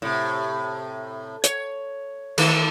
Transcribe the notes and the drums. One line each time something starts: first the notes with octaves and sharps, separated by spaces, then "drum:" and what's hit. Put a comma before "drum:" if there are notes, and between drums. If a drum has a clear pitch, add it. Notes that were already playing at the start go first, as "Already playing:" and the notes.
A2 C3
C#5, drum: hi-hat
D#3 A3 A4, drum: cymbal